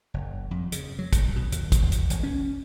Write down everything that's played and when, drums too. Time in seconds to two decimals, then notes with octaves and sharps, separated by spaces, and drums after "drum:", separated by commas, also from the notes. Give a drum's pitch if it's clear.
0.14 F#1
0.51 F2
0.72 C#3, drum: hi-hat
0.99 F#3
1.13 drum: kick, hi-hat
1.36 B2
1.52 D#2, drum: hi-hat
1.72 drum: kick, hi-hat
1.82 E2
1.92 drum: hi-hat
2.10 E1, drum: hi-hat
2.23 C#4